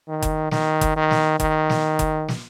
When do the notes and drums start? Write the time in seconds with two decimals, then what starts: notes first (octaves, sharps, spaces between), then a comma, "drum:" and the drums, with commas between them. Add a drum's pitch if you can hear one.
0.08 D#3
0.22 drum: kick F#1, hi-hat
0.51 D#3, drum: snare
0.81 drum: kick F#1, hi-hat
0.96 D#3
1.11 drum: snare
1.40 D#3, drum: kick F#1, hi-hat
1.70 drum: snare
1.99 drum: kick F#1, hi-hat
2.28 drum: snare